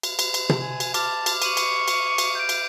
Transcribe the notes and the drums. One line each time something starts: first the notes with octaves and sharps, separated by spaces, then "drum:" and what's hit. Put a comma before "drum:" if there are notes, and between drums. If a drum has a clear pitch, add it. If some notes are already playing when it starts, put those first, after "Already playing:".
drum: cymbal
drum: cymbal
drum: cymbal
drum: tom
G#5
drum: cymbal
A5 D6 F6, drum: cymbal
drum: cymbal
C#6 D#7 F#7, drum: cymbal
drum: cymbal
drum: cymbal
drum: cymbal
G6 D7
drum: cymbal